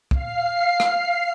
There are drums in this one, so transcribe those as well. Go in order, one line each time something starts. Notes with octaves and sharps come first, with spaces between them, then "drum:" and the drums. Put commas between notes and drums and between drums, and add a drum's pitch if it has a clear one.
F5 C7, drum: kick
drum: rim click